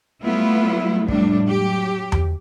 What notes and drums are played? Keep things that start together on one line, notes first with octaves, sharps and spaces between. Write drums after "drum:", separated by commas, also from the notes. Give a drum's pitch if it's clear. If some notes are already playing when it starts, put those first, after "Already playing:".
F#3 G3 A3 B3 E4 F4
F2 A2 G3 D4, drum: kick
F#3 G4
drum: tom E2